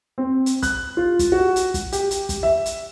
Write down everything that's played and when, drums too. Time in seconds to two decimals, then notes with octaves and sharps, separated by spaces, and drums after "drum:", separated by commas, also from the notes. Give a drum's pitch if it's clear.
0.18 C4
0.46 drum: hi-hat
0.63 F#6, drum: kick, hi-hat
0.97 F4
1.19 drum: kick, hi-hat
1.32 F#4
1.56 drum: hi-hat
1.74 drum: kick, hi-hat
1.92 G4, drum: hi-hat
2.11 drum: hi-hat
2.29 drum: kick, hi-hat
2.43 E5
2.66 drum: hi-hat